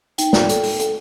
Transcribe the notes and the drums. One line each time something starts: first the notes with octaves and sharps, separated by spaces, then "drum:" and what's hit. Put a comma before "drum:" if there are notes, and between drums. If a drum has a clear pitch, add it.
D#4 G5, drum: hi-hat
D5, drum: snare
A4, drum: hi-hat
A4, drum: open hi-hat
A4, drum: hi-hat